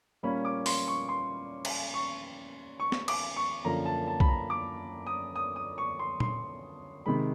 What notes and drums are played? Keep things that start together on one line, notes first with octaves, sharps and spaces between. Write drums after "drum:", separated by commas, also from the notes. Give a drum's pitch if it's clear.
A#2 G3 A#3 C#4 B5
D6
C6, drum: open hi-hat
C#6
C6
drum: cymbal
C#6
C#6
drum: snare
D6, drum: cymbal
C#6
F#2 D3 F3 A#3 A#5
A5
A5
B5, drum: kick
A#5
D6
D#6
D#6
D#6
C#6
C6
C6, drum: tom A#2
C3 D#3 G#3 B5